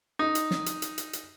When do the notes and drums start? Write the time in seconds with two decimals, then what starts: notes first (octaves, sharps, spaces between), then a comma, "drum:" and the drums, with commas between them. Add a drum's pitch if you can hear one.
0.19 D#4
0.35 drum: hi-hat
0.51 drum: snare
0.66 drum: hi-hat
0.82 drum: hi-hat
0.98 drum: hi-hat
1.13 drum: hi-hat